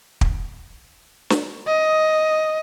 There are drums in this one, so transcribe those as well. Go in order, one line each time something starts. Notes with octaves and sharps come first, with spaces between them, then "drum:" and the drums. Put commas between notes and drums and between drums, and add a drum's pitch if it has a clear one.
drum: kick
drum: snare
D#5